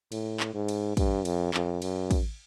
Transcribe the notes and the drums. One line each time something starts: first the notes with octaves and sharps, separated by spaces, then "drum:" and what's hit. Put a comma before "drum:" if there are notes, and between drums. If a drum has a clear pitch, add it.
A2, drum: cymbal
drum: clap
G#2
drum: cymbal
G2, drum: kick, cymbal
F2, drum: cymbal
F2, drum: clap
F#2, drum: cymbal
drum: kick, cymbal